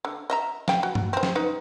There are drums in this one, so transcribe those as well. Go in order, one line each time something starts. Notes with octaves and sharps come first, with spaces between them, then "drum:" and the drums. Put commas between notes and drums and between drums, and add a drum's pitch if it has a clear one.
D3
D#5 E5 A#5
F5 G5, drum: snare
F#4
drum: tom G2
C4 C5
drum: snare
D#4 B4